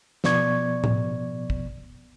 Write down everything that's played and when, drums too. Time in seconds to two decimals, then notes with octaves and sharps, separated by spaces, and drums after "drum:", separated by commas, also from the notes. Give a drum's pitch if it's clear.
0.24 B2 F3 B3 D5 C#6 G#6, drum: snare
0.84 drum: tom A2
1.50 drum: kick